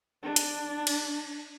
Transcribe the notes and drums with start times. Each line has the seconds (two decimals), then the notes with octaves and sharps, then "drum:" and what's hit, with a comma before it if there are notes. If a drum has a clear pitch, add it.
0.23 D4
0.36 drum: hi-hat
0.87 drum: cymbal